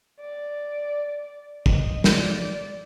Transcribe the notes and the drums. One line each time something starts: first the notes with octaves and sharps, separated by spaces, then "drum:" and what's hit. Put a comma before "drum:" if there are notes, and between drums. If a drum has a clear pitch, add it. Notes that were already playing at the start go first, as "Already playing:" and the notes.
D5
D#5, drum: kick
D5, drum: snare